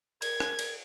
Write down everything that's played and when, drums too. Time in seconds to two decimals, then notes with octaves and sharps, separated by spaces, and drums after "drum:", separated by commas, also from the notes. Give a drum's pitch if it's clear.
0.22 A#4 G#6, drum: cymbal
0.40 drum: rim click
0.59 drum: cymbal